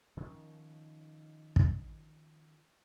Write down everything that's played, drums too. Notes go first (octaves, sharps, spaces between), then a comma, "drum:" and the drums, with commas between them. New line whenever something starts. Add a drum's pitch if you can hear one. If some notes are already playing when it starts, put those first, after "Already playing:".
D#3 F3 C#4
drum: kick